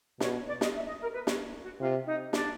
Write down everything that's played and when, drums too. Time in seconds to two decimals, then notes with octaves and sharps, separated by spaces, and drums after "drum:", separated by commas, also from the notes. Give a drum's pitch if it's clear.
0.20 B2 C#5, drum: snare
0.47 D5
0.61 D#5, drum: snare
0.74 E5
0.87 D#5
1.01 A#4
1.13 B4
1.27 C#5, drum: snare
1.62 F#4
1.80 C3 F4
2.06 D#4
2.33 D4, drum: snare